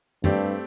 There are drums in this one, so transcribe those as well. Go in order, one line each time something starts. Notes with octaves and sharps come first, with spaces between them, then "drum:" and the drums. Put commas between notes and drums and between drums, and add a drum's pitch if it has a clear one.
G2 A3 C4 G4 D5, drum: tom